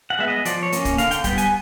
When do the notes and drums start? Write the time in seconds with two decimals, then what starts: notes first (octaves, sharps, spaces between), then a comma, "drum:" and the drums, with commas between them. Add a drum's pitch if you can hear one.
0.10 F#5
0.19 G#3 B3 E5
0.28 D#5
0.45 F3 D5, drum: hi-hat
0.63 C#5
0.72 A#3 C#4, drum: hi-hat
0.85 drum: kick, hi-hat
0.98 D3 F5, drum: hi-hat
1.11 G5, drum: hi-hat
1.24 G3 B3 G5, drum: kick, hi-hat
1.38 G#5, drum: hi-hat